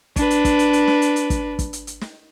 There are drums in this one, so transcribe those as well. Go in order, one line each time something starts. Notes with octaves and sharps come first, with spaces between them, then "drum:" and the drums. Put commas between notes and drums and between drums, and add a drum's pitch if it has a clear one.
D4 B4, drum: kick, hi-hat
drum: hi-hat
drum: kick, hi-hat
drum: hi-hat
drum: hi-hat
drum: snare
drum: hi-hat
drum: hi-hat
drum: kick, hi-hat
drum: kick, hi-hat
drum: hi-hat
drum: hi-hat
drum: snare